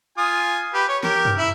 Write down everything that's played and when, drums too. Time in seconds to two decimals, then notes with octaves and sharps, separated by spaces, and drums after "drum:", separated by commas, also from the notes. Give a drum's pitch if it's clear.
0.18 F4 G#5 D#6
0.74 G4 B4
0.89 C#5
1.03 G4 A#4, drum: snare
1.25 drum: tom F#2
1.38 E4 E5